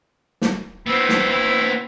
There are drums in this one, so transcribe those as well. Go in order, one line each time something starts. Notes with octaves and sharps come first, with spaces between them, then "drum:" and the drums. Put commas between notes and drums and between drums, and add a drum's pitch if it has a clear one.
drum: snare
B3 C4 E4
drum: snare
E4